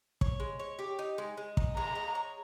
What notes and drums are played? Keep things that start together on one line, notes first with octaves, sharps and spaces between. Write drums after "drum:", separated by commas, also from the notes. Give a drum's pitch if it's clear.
C#5, drum: kick
G#3
C#5
G4
D#4
G#3
G#3
D#4, drum: kick
G#3 A#5
G#3
C#5